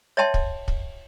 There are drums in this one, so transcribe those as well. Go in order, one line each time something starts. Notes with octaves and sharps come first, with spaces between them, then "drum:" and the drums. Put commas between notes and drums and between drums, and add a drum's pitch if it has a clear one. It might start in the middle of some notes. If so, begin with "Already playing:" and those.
C#5 D#5 E5 G5 A5 C6
drum: kick
drum: kick